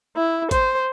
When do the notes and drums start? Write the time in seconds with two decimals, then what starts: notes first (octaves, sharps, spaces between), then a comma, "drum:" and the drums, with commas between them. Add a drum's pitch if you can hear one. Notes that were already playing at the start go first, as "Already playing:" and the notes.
0.16 E4
0.51 C5, drum: kick, hi-hat